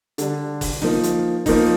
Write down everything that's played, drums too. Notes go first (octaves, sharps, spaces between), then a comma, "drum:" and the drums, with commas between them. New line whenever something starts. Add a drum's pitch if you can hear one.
D3 G3 D4, drum: hi-hat
drum: kick F#1, open hi-hat
F3 A#3 D#4, drum: snare
drum: hi-hat
F3 A#3 D#4, drum: kick F#1, open hi-hat